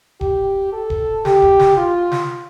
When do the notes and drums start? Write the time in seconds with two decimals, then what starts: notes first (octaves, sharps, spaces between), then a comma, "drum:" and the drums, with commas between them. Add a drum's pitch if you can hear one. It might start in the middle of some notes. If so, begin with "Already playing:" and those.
0.21 G4, drum: kick
0.72 A4
0.90 drum: kick
1.25 G4, drum: snare
1.42 drum: kick
1.59 drum: snare
1.77 F4
2.12 drum: snare